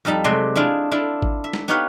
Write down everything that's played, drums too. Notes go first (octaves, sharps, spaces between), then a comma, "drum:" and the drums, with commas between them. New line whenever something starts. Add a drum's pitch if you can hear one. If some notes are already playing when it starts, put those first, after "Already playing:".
F2 G3 D#4 A5 B5
C3 F#3 G#3 A3 D5 C6
D4 E4 F4 G#4
D4 E4 F4 A4
drum: kick G#1
E5
drum: snare
B3 D#4 G4 C#5 F5 F#5